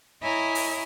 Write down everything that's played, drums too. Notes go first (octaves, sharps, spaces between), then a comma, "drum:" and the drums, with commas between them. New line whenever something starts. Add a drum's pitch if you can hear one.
E4 C#5 D#5 G#5 A#5
drum: open hi-hat